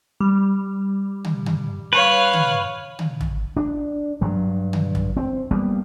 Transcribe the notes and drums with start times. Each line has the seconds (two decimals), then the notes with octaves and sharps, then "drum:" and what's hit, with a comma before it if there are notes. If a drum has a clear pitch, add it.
0.20 G3
1.24 drum: tom
1.46 drum: tom
1.93 B4 C#5 F5
2.33 drum: tom
2.99 drum: tom
3.21 drum: tom
3.57 D4
4.21 G2 F#3
4.73 drum: tom
4.95 drum: tom
5.17 C4
5.51 G3 A#3 B3